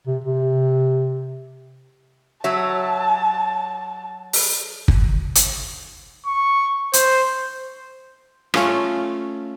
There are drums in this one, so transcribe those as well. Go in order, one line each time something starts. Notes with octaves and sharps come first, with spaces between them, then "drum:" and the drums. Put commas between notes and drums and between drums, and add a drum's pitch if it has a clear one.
C3
C3
F#3 C#5 E5 A5
drum: open hi-hat
drum: kick
drum: hi-hat
C#6
C5, drum: hi-hat
A3 C#4 F4, drum: rim click